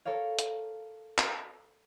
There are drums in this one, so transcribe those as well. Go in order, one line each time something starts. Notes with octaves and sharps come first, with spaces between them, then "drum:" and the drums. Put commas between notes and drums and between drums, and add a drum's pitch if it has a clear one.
A4 A#4 C#5 F5
drum: hi-hat
drum: clap